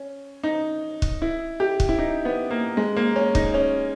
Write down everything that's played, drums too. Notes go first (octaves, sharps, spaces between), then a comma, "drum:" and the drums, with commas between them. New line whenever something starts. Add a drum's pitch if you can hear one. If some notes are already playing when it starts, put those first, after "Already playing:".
Already playing: C#4
D#4
drum: kick
E4
G4
drum: kick
E4
D#4
B3
A#3
G#3
A#3
C#4
D#4, drum: kick
C#4